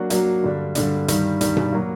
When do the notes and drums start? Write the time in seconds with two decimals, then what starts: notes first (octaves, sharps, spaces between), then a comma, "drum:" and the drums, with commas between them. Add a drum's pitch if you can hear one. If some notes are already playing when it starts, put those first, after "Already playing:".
Already playing: F#3 A#3 D4 F#4
0.10 F#3 A#3 D4 F#4, drum: hi-hat
0.43 G2 D3 G3 D4
0.75 G2 D3 G3 D4, drum: hi-hat
1.08 G2 D#3 G3, drum: hi-hat
1.41 G2 D#3 G3, drum: hi-hat
1.57 drum: tom B2
1.72 F#3 A#3 F#4